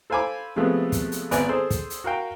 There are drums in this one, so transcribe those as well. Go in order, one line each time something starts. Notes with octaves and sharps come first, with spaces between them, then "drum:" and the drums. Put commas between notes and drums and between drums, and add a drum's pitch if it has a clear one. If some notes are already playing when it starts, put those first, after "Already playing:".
A4 C5 F5 G#5 B5 D6
C3 F3 G#3 A3 B3
drum: kick, hi-hat
drum: hi-hat
G#1 B3 B4 D5 G#5, drum: hi-hat
G#4 A4 C5
drum: kick, hi-hat
drum: hi-hat
F#4 A#4 F5 G5